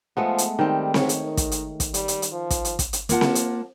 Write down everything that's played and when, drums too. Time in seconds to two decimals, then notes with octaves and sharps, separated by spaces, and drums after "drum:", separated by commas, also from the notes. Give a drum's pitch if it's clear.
0.17 F3 G#3 A3 B3
0.38 drum: hi-hat
0.59 D#3 G3 C4
0.94 G#2 C#5, drum: snare C4
1.09 drum: hi-hat
1.23 D#3
1.37 drum: kick, hi-hat
1.51 drum: hi-hat
1.80 drum: kick, hi-hat
1.94 G3, drum: hi-hat
2.08 drum: hi-hat
2.22 drum: hi-hat
2.32 F3
2.50 drum: kick, hi-hat
2.65 drum: hi-hat
2.79 drum: kick, hi-hat
2.93 drum: hi-hat
3.09 A#3 F4 F#5 A5, drum: hi-hat
3.21 drum: snare C4
3.35 drum: hi-hat